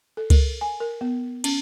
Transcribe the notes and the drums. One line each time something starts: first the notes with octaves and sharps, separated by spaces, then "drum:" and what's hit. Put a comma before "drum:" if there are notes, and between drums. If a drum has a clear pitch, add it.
A4
A#4, drum: kick C#2, cymbal
G#5
A#4
B3
C#4, drum: cymbal